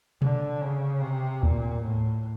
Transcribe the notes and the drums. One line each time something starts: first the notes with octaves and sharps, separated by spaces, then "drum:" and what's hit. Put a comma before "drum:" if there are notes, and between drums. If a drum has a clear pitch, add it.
D3, drum: tom B2
C#3
C3
A#2, drum: kick D2
A2